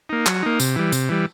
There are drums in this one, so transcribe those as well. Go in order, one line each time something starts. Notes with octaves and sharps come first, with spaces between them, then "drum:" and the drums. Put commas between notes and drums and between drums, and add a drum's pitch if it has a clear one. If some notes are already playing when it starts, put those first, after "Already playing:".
A#3 D#4
F#3, drum: clap
A#3 D#4
C3, drum: tambourine
E3 G3
C3, drum: tambourine
E3 G3